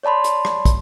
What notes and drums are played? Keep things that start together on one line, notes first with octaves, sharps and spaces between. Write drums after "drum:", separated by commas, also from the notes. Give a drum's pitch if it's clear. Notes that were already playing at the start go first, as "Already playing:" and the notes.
C#5 D5 A5 B5 C6
drum: hi-hat
drum: rim click
drum: kick, hi-hat